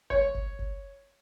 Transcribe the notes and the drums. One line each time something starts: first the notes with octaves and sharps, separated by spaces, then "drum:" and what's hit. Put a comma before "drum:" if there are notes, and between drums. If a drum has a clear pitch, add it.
C#5, drum: kick F#1
drum: kick F#1
drum: kick F#1